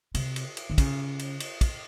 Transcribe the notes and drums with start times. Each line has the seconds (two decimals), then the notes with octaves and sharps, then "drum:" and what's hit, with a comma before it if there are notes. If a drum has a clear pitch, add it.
0.14 C3, drum: cymbal
0.36 drum: cymbal
0.57 drum: cymbal
0.70 D#3
0.78 C#3, drum: kick, cymbal
1.19 drum: cymbal
1.40 drum: cymbal
1.61 drum: kick, cymbal